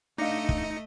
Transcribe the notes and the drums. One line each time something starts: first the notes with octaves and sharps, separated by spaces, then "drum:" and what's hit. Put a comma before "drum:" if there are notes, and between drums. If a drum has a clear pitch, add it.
A3 D4 D#4 D#5 F5 A#6 C#7
drum: kick